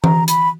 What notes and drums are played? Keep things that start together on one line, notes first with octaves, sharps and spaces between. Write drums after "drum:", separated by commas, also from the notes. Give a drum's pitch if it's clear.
A#5, drum: tom E3
B5, drum: hi-hat